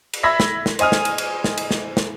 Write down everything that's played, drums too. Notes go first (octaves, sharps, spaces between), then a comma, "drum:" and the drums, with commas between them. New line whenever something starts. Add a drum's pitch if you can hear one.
drum: cymbal
E5 B5 E6 G#6 A#6 B6
drum: snare
drum: snare
C5 D#5 G#5 D#6 F6, drum: cymbal
drum: snare
drum: cymbal
drum: cymbal
drum: snare
drum: cymbal
drum: snare
drum: snare